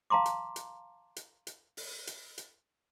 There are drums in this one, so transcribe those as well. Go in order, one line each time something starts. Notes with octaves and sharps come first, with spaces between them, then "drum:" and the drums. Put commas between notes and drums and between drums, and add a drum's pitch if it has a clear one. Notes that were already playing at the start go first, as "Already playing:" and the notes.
F5 A5 A#5 C6 D6
drum: hi-hat
drum: hi-hat
drum: hi-hat
drum: hi-hat
drum: open hi-hat
drum: hi-hat
drum: hi-hat